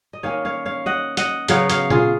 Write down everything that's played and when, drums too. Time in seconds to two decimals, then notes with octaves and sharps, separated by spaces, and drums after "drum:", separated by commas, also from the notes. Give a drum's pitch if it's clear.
0.13 D#5
0.23 D#3 A#3 C#4 C#5 F5
0.45 C#5 F5
0.66 C#5 F5
0.86 D#5 F#5
1.17 D#5 F#5, drum: hi-hat
1.48 C#3 F#3 B3 C#5 F5, drum: hi-hat
1.70 C#5 F5, drum: hi-hat
1.90 F4 G#4, drum: tom A#2